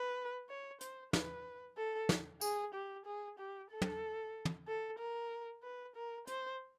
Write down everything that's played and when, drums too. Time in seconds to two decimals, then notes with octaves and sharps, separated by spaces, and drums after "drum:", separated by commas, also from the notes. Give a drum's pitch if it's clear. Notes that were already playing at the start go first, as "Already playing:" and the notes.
Already playing: B4
0.49 C#5
0.81 C5, drum: hi-hat
1.13 B4, drum: snare
1.77 A4
2.09 drum: snare
2.41 G#4, drum: tambourine
2.74 G4
3.06 G#4
3.39 G4
3.71 A4
3.82 drum: tom
4.45 drum: tom
4.68 A4
4.99 A#4
5.63 B4
5.95 A#4
6.27 C5, drum: hi-hat